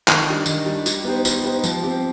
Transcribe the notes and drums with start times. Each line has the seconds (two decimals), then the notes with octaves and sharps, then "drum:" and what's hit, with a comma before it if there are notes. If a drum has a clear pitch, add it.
0.08 D#3, drum: clap
0.27 G3 D4
0.46 D#3, drum: tambourine
0.65 G3 D4
0.86 G3, drum: tambourine
1.04 B3 D#4 G4 C5
1.25 G3, drum: tambourine
1.44 B3 D#4 G4 C5
1.64 F3, drum: tambourine
1.83 C4 G4